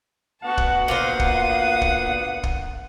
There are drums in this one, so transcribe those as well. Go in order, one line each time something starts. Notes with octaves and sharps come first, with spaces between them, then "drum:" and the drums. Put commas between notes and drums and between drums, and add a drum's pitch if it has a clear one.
D2 B3 F#4 F#5 A5
drum: kick
A#2 A#4 C5 F5 D#6
drum: kick
drum: kick
drum: kick